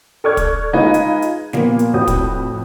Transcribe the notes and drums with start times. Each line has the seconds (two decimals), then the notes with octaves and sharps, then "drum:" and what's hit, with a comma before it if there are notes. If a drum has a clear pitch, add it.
0.24 A4 D5 C#6 F6 F#6 G#6
0.37 drum: kick, hi-hat
0.73 G#3 D#4 F4 B4 D#5 G#6
0.94 drum: hi-hat
1.22 drum: hi-hat
1.53 A#2 F3 A#3 B3, drum: snare
1.79 drum: hi-hat
1.93 F2 A2 F#4 B4 D#6 G6
2.07 drum: kick, hi-hat